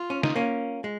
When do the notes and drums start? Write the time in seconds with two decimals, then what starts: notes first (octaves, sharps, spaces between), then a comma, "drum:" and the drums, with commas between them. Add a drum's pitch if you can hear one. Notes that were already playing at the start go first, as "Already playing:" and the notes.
Already playing: F4
0.10 C#4
0.23 D#4, drum: snare
0.36 A#3 C#4
0.84 G#3